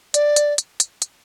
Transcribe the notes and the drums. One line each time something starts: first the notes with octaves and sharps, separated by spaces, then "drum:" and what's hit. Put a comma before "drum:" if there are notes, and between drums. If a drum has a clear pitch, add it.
D5, drum: hi-hat
drum: hi-hat
drum: hi-hat
drum: hi-hat
drum: hi-hat